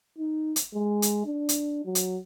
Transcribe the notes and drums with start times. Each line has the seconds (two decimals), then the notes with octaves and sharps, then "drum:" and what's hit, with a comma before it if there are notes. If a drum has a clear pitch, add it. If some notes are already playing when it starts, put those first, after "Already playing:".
0.19 D#4
0.56 drum: hi-hat
0.74 G#3
1.02 drum: hi-hat
1.25 D4
1.49 drum: hi-hat
1.85 F#3
1.95 drum: hi-hat